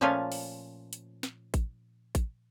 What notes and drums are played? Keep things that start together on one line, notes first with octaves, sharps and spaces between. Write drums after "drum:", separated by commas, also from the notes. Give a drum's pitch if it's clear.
A#2 F3 A3 C#4 F4 G#5
drum: open hi-hat
drum: hi-hat
drum: snare
drum: kick A1, hi-hat
drum: kick A1, hi-hat